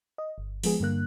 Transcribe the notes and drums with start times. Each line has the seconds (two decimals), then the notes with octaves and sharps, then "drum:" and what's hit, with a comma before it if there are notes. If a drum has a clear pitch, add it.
0.18 D#5
0.38 G1
0.63 F3 G#3 B3 G#4, drum: open hi-hat
0.80 G2 D3 A#3 F#6